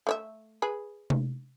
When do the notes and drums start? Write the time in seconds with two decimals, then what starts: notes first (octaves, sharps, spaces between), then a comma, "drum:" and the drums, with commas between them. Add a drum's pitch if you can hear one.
0.07 A3 C#5 E5
0.62 G#4 B4
1.10 drum: tom C3